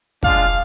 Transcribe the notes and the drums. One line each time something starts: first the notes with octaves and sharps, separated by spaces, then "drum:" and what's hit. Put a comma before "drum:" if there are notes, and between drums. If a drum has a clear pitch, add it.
G#3 D4 F4 F5, drum: kick